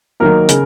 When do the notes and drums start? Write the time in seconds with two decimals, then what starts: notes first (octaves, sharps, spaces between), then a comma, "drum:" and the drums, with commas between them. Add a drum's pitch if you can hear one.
0.20 D#3 F#3 A#3 A#4
0.49 C#3, drum: hi-hat